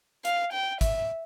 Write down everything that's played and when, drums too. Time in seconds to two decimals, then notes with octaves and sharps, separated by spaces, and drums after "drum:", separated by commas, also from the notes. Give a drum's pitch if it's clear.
0.25 F5, drum: hi-hat
0.53 G5
0.81 E5, drum: kick, hi-hat